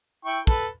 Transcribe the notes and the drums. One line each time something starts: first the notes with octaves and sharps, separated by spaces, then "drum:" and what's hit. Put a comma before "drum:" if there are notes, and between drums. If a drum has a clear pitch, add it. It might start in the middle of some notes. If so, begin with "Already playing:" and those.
E4 G5 C#6
A4 B4, drum: kick